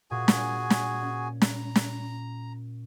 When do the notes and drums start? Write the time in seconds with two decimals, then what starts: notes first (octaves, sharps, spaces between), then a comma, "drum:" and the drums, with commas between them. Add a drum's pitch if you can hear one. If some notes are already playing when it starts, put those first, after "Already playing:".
0.11 A#2 F#4 G#4 G#5
0.28 drum: snare
0.70 drum: snare
1.02 C#4
1.42 A#5, drum: snare
1.76 drum: snare